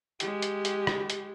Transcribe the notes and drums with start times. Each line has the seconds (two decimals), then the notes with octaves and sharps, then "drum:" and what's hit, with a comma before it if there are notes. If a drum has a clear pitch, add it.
0.20 G#3 G4, drum: hi-hat
0.42 drum: hi-hat
0.65 drum: hi-hat
0.87 drum: rim click
1.10 drum: hi-hat